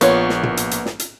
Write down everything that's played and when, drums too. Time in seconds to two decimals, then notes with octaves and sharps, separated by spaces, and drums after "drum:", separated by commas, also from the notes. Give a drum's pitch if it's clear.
0.01 A#1 A#3 B3 F4 C#5 C#6, drum: hi-hat
0.29 drum: snare
0.43 drum: tom
0.57 drum: hi-hat
0.71 drum: hi-hat
0.85 drum: snare
0.99 drum: hi-hat